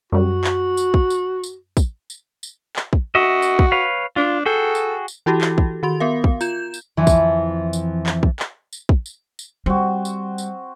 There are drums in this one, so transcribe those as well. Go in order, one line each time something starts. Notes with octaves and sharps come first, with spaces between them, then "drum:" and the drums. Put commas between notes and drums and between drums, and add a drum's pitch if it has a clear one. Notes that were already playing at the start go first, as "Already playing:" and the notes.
F#2 G3 F#4
drum: clap
drum: tambourine
drum: kick
drum: tambourine
drum: tambourine
drum: kick, tambourine
drum: tambourine
drum: tambourine
drum: clap
drum: kick
F#4 D#5 E5
drum: tambourine
drum: kick
B4 C#5 F5
D4 F4
F#4 G#4 A4 G5
drum: tambourine
drum: tambourine
E3 E4 F#4 G4 A4
drum: clap
drum: kick
D#3 F#4 C6
B3 A#4 F5
drum: kick
F4 G6 E7, drum: tambourine
drum: tambourine
F2 E3
drum: kick, tambourine
drum: tambourine
drum: clap
drum: kick
drum: clap
drum: tambourine
drum: kick
drum: tambourine
drum: tambourine
G3 C4 F#4
drum: tambourine
drum: tambourine